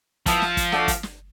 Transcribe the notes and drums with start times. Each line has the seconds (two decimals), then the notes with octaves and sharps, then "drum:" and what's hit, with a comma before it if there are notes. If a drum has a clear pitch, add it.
0.26 F3 B3 E4 A4, drum: kick, hi-hat
0.42 drum: snare
0.57 drum: kick, hi-hat
0.72 A3 D4 F#4, drum: snare
0.88 drum: kick, hi-hat
1.03 drum: snare